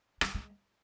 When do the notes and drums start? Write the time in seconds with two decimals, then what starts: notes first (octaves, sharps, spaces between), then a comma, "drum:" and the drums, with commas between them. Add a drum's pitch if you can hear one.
0.21 G3, drum: rim click
0.35 G#3